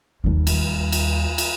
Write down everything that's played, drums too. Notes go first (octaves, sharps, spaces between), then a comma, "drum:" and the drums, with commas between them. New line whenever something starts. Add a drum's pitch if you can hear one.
D#2 G3
drum: cymbal
drum: cymbal
drum: cymbal